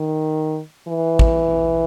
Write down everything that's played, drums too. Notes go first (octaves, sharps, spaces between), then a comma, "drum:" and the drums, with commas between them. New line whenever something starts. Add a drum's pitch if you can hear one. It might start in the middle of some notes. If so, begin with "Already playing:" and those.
Already playing: D#3
E3
drum: kick